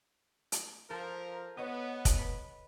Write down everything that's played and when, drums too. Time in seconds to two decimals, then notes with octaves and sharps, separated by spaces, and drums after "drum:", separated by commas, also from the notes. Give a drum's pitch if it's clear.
0.52 drum: hi-hat
0.90 F3 A4 A#4
1.57 B3 C#5 D#5
2.05 drum: kick, hi-hat
2.18 B4